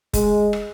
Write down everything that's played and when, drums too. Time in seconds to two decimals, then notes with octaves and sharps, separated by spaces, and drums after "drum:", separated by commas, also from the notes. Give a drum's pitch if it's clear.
0.13 G#3, drum: kick F1, hi-hat
0.53 drum: rim click